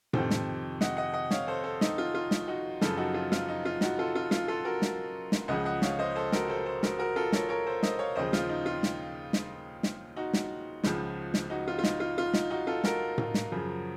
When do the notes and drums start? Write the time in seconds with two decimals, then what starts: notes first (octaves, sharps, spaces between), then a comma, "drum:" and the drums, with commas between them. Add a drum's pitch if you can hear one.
0.13 F2 C3 D#3 A4 C5, drum: tom A2
0.30 drum: snare
0.81 D#5 F#5, drum: snare
0.97 D#5 F#5
1.13 D#5 F#5
1.31 C#5 F5, drum: snare
1.47 A4 C5
1.64 A4 C5
1.81 D#4, drum: snare
1.98 F4
2.14 F4
2.31 drum: snare
2.48 D#4 F#4
2.81 F#2 C#3 F3 F4 A4, drum: snare
2.97 D#4 F#4
3.14 F4
3.32 F4, drum: snare
3.48 D#4
3.65 F4
3.81 D#4 F#4, drum: snare
3.99 F4 A4
4.15 F4
4.31 F4, drum: snare
4.48 F4 A4
4.65 F#4 A#4
4.82 drum: snare
5.32 drum: snare
5.48 C#2 C#3 F3 D#5 F#5
5.65 D#5 F#5
5.82 C#5 F5, drum: snare
5.99 C5 D#5
6.16 A4 C5
6.32 F#4 A#4, drum: snare
6.49 A4 C5
6.65 A4 C5
6.83 F#4 A#4, drum: snare
6.99 F#4 A#4
7.16 F4 A4
7.32 A#4 C#5, drum: snare
7.49 A#4 C#5
7.67 A4 C5
7.83 C5 D#5, drum: snare
7.99 C#5 F5
8.16 D#2 C#3 F3 C5 D#5
8.33 F4, drum: snare
8.49 D#4
8.66 F4
8.83 drum: snare
9.33 drum: snare
9.83 drum: snare
10.16 D#4 F#4
10.33 drum: snare
10.84 C#2 C#3 F3, drum: snare
11.34 drum: snare
11.50 D#4 F#4
11.68 F4
11.79 F4
11.84 D#4, drum: snare
12.00 F4
12.18 F4
12.34 D#4, drum: snare
12.50 D#4 F#4
12.67 F4 A4
12.84 F#4 A#4, drum: snare
13.18 drum: tom A2
13.34 drum: snare
13.52 F#2 C#3 F3